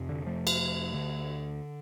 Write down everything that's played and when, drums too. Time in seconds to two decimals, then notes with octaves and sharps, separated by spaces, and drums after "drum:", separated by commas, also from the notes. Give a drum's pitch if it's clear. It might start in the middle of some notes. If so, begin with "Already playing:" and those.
Already playing: F2 C3
0.09 D3
0.26 F3 A3
0.47 drum: cymbal
0.94 D2 D3